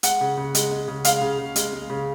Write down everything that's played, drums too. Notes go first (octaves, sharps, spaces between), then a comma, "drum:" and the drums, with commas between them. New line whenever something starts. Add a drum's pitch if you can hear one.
G#3 F#5, drum: hi-hat
C#3
C#3
G#3, drum: hi-hat
G#3
C#3
G#3 F5, drum: hi-hat
C#3
C#3
G#3, drum: hi-hat
G#3
C#3